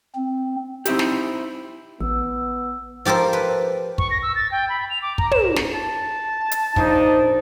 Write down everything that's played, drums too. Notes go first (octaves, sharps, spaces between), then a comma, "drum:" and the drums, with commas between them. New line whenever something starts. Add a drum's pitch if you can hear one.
C4
C4 D#4 E4 G4, drum: hi-hat
drum: snare
A1 B3 E6
F3 G4 A4 A#4 C5
B4
C#6, drum: kick
A#6
E6
A6
G5
B5
F7
D6
A#5, drum: kick
E7, drum: tom
drum: snare
A5
drum: hi-hat
A#2 F3 D4 D#4 G#4, drum: kick